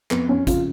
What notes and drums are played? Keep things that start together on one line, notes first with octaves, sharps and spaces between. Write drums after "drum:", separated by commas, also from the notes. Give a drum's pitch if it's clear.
F2 B3, drum: clap
F2 C#4
C#3 F4, drum: kick, hi-hat